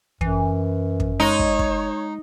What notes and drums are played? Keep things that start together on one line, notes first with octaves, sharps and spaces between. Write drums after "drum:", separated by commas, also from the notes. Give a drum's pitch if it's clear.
F#2 E3, drum: kick
drum: kick
G#3 D#4 C#5
drum: kick
drum: kick